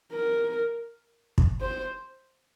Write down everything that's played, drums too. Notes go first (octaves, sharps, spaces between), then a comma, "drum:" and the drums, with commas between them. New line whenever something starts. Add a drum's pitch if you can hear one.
A#4
drum: kick
C5